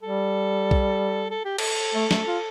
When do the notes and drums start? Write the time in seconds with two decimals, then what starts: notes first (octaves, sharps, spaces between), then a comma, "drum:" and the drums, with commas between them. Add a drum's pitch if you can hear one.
0.02 G3 A4
0.71 drum: kick B1
1.31 A4
1.45 G4
1.58 A4, drum: cymbal
1.95 A3
2.11 A3, drum: snare
2.27 F4